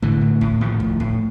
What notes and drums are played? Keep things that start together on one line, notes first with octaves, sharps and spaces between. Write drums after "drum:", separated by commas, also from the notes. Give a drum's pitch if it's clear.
A2 D3 E3, drum: kick
A2
A2, drum: kick
A2 D#3 F3
A2, drum: kick
A2, drum: kick